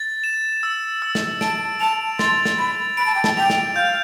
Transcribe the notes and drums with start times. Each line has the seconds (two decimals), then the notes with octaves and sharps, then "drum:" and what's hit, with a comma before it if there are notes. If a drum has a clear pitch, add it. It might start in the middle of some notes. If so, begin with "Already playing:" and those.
Already playing: A6
0.24 E7
0.63 E6
1.02 E6
1.15 drum: snare
1.41 A5 D7, drum: snare
1.80 A5 F7
2.19 C6 A6, drum: snare
2.45 drum: snare
2.58 B5 A6
2.97 B5 D7
3.06 A5
3.15 G5
3.24 A5, drum: snare
3.37 G5 F7
3.50 drum: snare
3.76 F5 G6